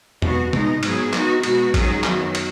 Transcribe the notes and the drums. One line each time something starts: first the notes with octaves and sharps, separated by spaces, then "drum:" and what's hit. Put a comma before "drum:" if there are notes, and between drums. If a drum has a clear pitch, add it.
B2 B3 F#4, drum: tom E2
B2 G#3 D#4, drum: tom C3
G#2 F#3 B3 G#4, drum: cymbal
D#3 B3 D#4 F#4, drum: clap
B2 G#3 B3 F#4, drum: cymbal
G#2 D#3 F#3 C#4 G#4, drum: kick A1, cymbal
F#2 D#3 F#3 B3 F#4, drum: clap
drum: cymbal